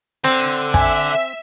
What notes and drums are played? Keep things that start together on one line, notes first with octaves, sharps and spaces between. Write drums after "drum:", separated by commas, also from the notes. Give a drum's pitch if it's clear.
D3 C4
E5 G#5, drum: kick